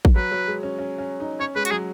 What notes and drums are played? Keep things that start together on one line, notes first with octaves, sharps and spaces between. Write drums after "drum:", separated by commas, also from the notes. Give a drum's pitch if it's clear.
drum: kick
F#3 B4
F#3
G#3
C#4
C#4
C#4
D#4
C#4 C#5
G#3 B4
F#4, drum: hi-hat
F#3 G#4